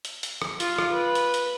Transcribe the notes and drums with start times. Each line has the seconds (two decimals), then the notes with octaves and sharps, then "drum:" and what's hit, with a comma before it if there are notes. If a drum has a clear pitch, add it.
0.05 drum: hi-hat
0.23 drum: hi-hat
0.42 drum: rim click
0.60 F4, drum: hi-hat
0.79 drum: rim click
0.93 B4
1.15 drum: hi-hat
1.34 drum: hi-hat